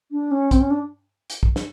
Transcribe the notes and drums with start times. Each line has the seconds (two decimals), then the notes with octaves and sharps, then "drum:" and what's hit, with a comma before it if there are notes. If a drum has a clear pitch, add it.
0.12 D4
0.31 C#4
0.51 C4, drum: kick, hi-hat
0.60 C#4
0.71 D4
1.30 drum: hi-hat
1.43 drum: kick
1.56 drum: snare